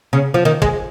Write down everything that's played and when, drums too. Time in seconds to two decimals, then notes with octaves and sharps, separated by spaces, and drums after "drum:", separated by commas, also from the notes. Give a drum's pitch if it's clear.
0.13 C#3
0.34 F3
0.45 D#3
0.62 G#3, drum: kick